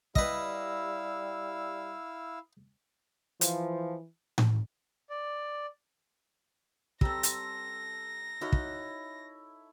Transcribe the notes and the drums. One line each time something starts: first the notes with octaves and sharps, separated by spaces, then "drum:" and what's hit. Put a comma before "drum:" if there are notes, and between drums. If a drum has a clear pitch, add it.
G3 E4 B4 D#5 F5 E6, drum: kick
E3 F3, drum: hi-hat
drum: tom A2
D5
G3 C4 A4 A#5 E6 A#6, drum: kick
drum: hi-hat
D#4 E4 F#4 A#4 C#5
drum: kick